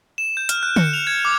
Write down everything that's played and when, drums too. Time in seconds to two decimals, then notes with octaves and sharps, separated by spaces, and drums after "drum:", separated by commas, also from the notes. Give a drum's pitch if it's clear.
0.18 E7
0.37 G6
0.49 F6, drum: hi-hat
0.63 F#6
0.76 C#7, drum: tom
0.93 F7
1.07 G#6
1.25 D6